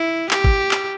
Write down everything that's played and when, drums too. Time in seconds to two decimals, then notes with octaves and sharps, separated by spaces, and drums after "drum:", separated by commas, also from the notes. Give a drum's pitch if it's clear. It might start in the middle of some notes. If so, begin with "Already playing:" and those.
Already playing: E4
0.31 G4, drum: clap
0.44 drum: kick
0.71 drum: clap